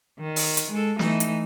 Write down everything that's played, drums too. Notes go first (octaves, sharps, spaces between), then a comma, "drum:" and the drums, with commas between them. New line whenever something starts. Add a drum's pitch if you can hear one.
D#3
drum: open hi-hat
drum: hi-hat
G#3 A4
E3 A3 D#4, drum: snare
drum: hi-hat